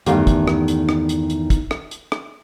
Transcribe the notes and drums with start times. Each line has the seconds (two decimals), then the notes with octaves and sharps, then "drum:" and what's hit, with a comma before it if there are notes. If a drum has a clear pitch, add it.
0.06 E2 G2 D#3 A3 G4 F5, drum: hi-hat
0.27 drum: kick, hi-hat
0.48 drum: rim click
0.68 drum: hi-hat
0.89 drum: rim click
1.09 drum: hi-hat
1.30 drum: hi-hat
1.50 drum: kick, hi-hat
1.71 drum: rim click
1.91 drum: hi-hat
2.12 drum: rim click